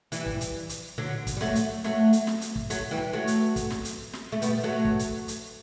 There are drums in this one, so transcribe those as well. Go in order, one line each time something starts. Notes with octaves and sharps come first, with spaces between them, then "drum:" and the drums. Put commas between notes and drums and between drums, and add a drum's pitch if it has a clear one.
E3 G3, drum: hi-hat
drum: kick
drum: hi-hat
drum: hi-hat
D3 F#3
drum: kick, hi-hat
G3
F#3 A3, drum: snare
drum: hi-hat
F#3 A3, drum: snare
drum: hi-hat
drum: snare
drum: hi-hat
drum: kick
F#3 A3, drum: hi-hat
E3 G3
F#3 A3
drum: hi-hat
drum: kick, hi-hat
drum: snare
drum: hi-hat
drum: snare
A3
G3 B3, drum: hi-hat
F#3 A3
drum: kick
drum: hi-hat
drum: hi-hat